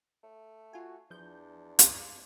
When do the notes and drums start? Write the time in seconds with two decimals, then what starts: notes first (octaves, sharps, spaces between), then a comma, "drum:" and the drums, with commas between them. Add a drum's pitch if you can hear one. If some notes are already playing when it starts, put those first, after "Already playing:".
0.23 A3
0.73 F4 F#4 G#5
1.10 E2 F3 D4 G6
1.79 F5 C6 D6, drum: hi-hat